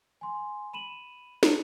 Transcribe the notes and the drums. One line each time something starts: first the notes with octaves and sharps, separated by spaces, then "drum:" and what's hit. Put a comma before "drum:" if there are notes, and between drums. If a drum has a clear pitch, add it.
G#5 C6
B5 D#7 E7 F#7
drum: snare